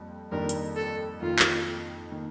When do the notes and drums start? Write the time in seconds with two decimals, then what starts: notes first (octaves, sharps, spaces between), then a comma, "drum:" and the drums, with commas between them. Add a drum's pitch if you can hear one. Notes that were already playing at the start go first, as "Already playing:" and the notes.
Already playing: F2 G3 A#3
0.32 F2 D#3 G3 A#3 D4 A#4
0.49 drum: hi-hat
0.76 A4
1.22 F2 D#3 A#3 F4
1.39 drum: clap
2.11 D#3 A#3